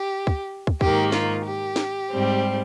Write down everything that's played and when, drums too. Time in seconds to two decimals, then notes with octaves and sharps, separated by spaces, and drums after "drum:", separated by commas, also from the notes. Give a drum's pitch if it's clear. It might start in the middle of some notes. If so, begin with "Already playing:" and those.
Already playing: G4
0.27 drum: kick
0.67 drum: kick
0.81 G#2 D#3 A#3 G4, drum: kick
1.12 F4, drum: snare
1.45 G4
1.76 drum: snare
2.09 G#2 G3 C4